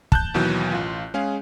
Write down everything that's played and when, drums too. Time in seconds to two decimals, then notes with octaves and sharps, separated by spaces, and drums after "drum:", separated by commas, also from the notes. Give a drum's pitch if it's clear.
0.12 A5 F#6 G6, drum: kick
0.34 D#2 B2 E3 F#3
0.72 A1 F4
1.14 G#3 C#4 G#4 F5